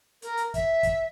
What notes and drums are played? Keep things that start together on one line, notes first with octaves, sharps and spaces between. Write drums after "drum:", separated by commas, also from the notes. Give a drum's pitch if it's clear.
A#4, drum: hi-hat
drum: hi-hat
E5, drum: kick, hi-hat
drum: kick, hi-hat